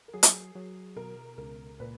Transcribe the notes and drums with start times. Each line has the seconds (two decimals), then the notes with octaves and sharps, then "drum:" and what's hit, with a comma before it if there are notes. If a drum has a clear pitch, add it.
0.08 A#4
0.13 F#3 G#4
0.23 drum: hi-hat
0.55 F#3
0.96 B2 A#4
1.38 C#2 A#4
1.80 A#2 B4